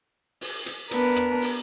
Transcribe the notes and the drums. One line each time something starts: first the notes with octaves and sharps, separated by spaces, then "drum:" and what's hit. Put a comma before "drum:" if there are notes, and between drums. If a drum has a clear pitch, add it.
drum: open hi-hat
drum: hi-hat
B3 D4 A#4 B4, drum: hi-hat
drum: rim click
drum: open hi-hat